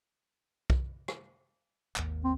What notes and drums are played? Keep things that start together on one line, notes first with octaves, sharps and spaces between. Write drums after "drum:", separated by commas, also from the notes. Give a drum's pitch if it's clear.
drum: kick B1
drum: rim click
G#1 D#2, drum: clap
C4